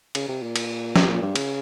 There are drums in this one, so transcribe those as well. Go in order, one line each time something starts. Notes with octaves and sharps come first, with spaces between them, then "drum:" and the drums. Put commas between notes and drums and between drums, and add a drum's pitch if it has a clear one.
C#3, drum: cymbal
C3
A#2
drum: cymbal
C3, drum: snare
A#2
G2
C#3, drum: cymbal